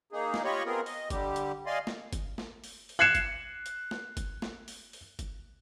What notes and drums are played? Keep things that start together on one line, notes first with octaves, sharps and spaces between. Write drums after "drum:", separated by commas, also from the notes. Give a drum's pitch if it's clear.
A#3 D#4 G#4
drum: snare
F4 G4 C#5 D#5 B5 C#6
B3 C4 F4 G#4 A#4
D#5, drum: open hi-hat
D3 G3 G4, drum: kick G1, hi-hat
drum: hi-hat
D5 D#5 F5 G#5 C6
drum: snare
drum: kick G1, hi-hat
drum: snare
drum: open hi-hat
drum: open hi-hat
F#6 G#6 C7 C#7 E7
drum: kick G1, hi-hat
drum: hi-hat
drum: snare
drum: kick G1, hi-hat
drum: snare
drum: open hi-hat
drum: open hi-hat
drum: kick G1, hi-hat